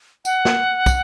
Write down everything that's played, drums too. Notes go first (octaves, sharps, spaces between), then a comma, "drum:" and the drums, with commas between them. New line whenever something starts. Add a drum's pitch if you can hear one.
F#5, drum: tambourine
drum: snare
drum: kick, tambourine